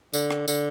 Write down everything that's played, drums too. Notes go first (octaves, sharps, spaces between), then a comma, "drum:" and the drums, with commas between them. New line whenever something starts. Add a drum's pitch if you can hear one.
D3, drum: tambourine
drum: rim click
D3, drum: tambourine